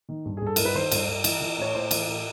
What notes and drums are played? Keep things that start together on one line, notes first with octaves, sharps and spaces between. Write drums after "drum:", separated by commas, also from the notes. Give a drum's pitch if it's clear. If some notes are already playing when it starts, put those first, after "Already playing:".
D#3
G2
G2 G#4
A4
G2 A#4, drum: cymbal
B4
D#3 C5
G2, drum: cymbal
G2
E3, drum: cymbal
E3
A2 C#5
A2 C5
E3, drum: cymbal
A2